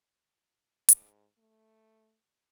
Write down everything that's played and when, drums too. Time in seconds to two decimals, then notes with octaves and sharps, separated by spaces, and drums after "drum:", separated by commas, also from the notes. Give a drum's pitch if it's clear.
0.89 G#2, drum: hi-hat
1.38 A3